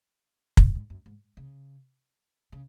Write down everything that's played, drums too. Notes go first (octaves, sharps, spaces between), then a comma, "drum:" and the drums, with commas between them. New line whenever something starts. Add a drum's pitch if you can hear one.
drum: kick
G#2
F#2
G#2
C#3
C#3